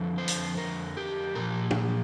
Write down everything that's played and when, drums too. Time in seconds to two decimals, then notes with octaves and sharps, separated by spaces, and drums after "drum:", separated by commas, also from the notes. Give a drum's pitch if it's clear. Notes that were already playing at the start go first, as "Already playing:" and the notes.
Already playing: F2 D3 F3
0.18 C5
0.28 drum: hi-hat
0.58 A#4
0.97 G4
1.35 A#2 F3 A#4
1.71 drum: tom